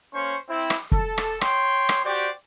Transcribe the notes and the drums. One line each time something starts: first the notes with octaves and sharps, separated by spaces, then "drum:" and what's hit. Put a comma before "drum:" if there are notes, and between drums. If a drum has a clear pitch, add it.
A#3 C#4 C5 C#6
C4 E4
drum: rim click
A4, drum: kick
drum: rim click
C#5 G5 C6, drum: rim click
drum: rim click
F#4 G4 C5 D5